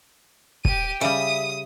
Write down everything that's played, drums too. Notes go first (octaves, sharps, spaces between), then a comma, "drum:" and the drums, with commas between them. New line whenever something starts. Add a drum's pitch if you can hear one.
G4 D#7, drum: kick
C#3 G3 E5 D#6